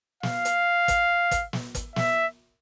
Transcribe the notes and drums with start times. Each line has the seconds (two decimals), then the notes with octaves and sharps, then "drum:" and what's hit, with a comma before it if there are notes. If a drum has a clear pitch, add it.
0.23 F5, drum: snare
0.45 drum: hi-hat
0.88 drum: kick, hi-hat
1.31 drum: kick, hi-hat
1.53 drum: snare
1.75 drum: kick, hi-hat
1.96 E5, drum: snare